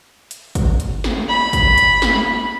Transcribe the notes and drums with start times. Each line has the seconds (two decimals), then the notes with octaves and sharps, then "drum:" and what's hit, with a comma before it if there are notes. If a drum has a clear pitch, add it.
0.31 drum: hi-hat
0.55 drum: kick, hi-hat
0.80 drum: hi-hat
1.04 drum: snare
1.29 B5
1.53 drum: kick, hi-hat
1.78 drum: hi-hat
2.02 drum: snare